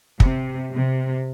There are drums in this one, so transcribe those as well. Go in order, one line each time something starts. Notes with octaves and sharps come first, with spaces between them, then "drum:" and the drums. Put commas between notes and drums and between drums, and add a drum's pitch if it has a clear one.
C3, drum: kick
C3